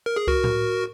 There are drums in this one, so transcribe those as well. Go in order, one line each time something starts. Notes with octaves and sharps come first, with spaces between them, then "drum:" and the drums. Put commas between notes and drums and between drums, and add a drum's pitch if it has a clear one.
A#4
G#4
F#4 A#4, drum: kick C#2
drum: tom A2